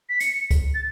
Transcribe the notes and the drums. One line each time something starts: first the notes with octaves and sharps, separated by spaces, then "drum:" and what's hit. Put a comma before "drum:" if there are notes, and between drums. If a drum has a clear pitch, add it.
B6
C#7, drum: hi-hat
drum: kick C#2, hi-hat
A6